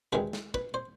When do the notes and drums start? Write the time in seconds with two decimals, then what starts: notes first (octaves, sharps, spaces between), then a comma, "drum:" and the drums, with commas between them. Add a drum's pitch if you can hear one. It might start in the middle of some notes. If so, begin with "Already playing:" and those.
0.13 D2 C3 D#3 G#3 B4
0.33 drum: snare
0.54 B4, drum: kick
0.74 C5